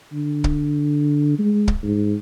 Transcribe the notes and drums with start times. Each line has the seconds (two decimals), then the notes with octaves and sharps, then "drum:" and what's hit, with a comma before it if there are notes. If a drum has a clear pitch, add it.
0.13 D3
0.44 drum: kick
1.39 G#3
1.68 drum: kick
1.83 G#2